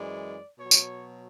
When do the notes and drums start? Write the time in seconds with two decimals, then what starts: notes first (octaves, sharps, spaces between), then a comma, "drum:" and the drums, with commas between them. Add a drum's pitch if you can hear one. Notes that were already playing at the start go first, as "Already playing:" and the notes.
Already playing: F#2 E3 G#3 D5
0.59 B2 F#3 C#5
0.71 drum: tambourine